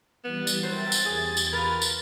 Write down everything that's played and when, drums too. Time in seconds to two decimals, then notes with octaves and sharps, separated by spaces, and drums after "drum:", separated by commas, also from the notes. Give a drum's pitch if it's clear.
0.25 E3 G3 B3 A6
0.47 drum: tambourine
0.63 F#3 A#4 C5 E5 G5 A6
0.92 drum: tambourine
1.06 E2 G4 G#4 G#6
1.37 drum: tambourine
1.53 F4 A#4 B4
1.82 drum: tambourine